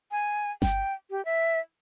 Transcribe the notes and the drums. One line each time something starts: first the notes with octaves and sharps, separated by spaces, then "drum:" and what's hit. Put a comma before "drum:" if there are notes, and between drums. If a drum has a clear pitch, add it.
G#5
G5, drum: snare G1
G4
E5